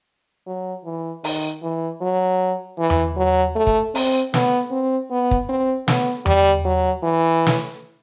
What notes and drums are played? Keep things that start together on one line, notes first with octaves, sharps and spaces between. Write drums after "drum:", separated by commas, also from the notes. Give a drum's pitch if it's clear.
F#3
E3
D#3, drum: open hi-hat
E3
F#3
E3
drum: tom E2
F#3
A3
drum: kick
C4, drum: open hi-hat
B3, drum: snare
C4
B3
drum: kick
C4
B3, drum: snare
G3, drum: tom E2
F#3
E3
drum: snare